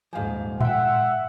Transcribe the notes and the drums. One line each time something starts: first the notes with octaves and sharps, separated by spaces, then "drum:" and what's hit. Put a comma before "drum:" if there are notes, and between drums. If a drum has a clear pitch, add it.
D#1 G#2 F3 F5 G#5
E5 F#5 G5 C6, drum: tom A2